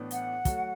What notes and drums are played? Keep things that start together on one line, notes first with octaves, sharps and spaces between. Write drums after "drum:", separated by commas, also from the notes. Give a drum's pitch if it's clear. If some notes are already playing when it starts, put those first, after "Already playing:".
Already playing: A2 E3 B3 D4
F#5, drum: hi-hat
F#3 A3 F#4, drum: kick, hi-hat